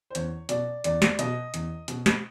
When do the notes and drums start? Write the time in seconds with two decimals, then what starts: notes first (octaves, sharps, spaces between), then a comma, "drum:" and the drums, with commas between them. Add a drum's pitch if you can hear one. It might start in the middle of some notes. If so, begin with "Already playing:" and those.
0.10 C5
0.15 E2 C#5, drum: hi-hat
0.49 B2 F#3 D5, drum: hi-hat
0.84 E2 D5, drum: hi-hat
1.02 drum: snare
1.19 B2 F#3 D#5, drum: hi-hat
1.54 E2, drum: hi-hat
1.88 B2 F#3, drum: hi-hat
2.06 drum: snare